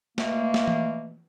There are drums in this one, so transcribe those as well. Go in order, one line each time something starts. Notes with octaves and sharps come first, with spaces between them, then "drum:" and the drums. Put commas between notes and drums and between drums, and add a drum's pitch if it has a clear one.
B2 A3 A#3, drum: snare
drum: snare
drum: tom E3